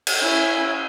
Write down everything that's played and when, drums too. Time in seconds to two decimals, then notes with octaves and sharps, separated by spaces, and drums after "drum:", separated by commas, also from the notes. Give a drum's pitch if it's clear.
0.07 drum: cymbal
0.20 C#4 E4